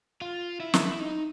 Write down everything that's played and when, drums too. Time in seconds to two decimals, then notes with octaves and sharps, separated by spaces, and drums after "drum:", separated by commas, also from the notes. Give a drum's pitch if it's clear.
0.21 F4
0.60 E4
0.74 drum: snare
1.00 D#4